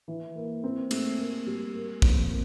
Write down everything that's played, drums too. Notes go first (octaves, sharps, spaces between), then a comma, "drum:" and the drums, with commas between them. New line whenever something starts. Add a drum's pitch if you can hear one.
E3
A#3
C4
A3, drum: cymbal
A#3
G3
A#3
F2, drum: kick
A#3